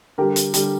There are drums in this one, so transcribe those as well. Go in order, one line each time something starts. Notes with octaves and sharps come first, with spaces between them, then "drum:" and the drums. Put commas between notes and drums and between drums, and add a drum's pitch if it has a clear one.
D3 G3 G4 A#4
drum: hi-hat
D3 G3, drum: hi-hat